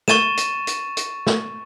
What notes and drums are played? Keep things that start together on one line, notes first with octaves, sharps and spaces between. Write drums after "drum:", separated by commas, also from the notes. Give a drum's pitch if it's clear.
C#6 A6 D#7 E7, drum: snare
drum: hi-hat
drum: hi-hat
drum: hi-hat
drum: snare